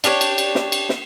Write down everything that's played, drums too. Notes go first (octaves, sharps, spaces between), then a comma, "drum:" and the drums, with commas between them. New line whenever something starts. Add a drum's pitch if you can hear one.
D4 G4 A#4 C#5, drum: cymbal
drum: cymbal
drum: cymbal
drum: snare
drum: cymbal
drum: snare